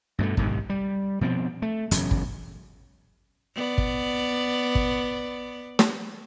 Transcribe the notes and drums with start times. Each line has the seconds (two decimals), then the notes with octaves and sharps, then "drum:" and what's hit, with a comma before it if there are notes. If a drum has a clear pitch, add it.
0.19 G2 B2 G#3 A3
0.37 B1 G#2 C3 D#3, drum: kick
0.70 G3
1.21 B2 F3 B3 C4
1.62 A3
1.91 E1 F#2 C#3 F#3, drum: hi-hat
2.11 drum: kick
3.56 B3 D5
3.78 drum: kick
4.75 drum: kick
5.79 drum: snare